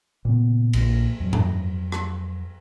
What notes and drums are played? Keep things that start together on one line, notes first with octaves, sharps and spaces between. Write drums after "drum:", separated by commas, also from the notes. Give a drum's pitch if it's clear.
A#2 C#3 B3
A#1 A#2 A#3, drum: cymbal
F2 F#3
drum: tom G2
drum: rim click